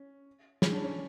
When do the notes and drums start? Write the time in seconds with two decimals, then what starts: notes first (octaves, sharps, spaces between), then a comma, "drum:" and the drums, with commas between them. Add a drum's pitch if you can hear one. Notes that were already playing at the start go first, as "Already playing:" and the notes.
Already playing: C#4
0.62 C#4, drum: snare
0.72 D4
0.84 C#4